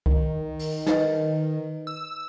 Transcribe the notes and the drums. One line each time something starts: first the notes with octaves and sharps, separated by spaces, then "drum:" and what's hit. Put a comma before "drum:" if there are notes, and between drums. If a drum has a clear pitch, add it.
D#3, drum: kick C2
drum: open hi-hat
D#4 B4 D#5, drum: snare
E6